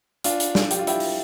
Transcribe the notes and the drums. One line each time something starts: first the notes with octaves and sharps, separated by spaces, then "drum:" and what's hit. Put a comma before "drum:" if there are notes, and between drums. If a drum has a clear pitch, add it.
D4 F4, drum: hi-hat
drum: hi-hat
drum: snare
G4, drum: hi-hat
F4
E4 G4, drum: hi-hat
drum: open hi-hat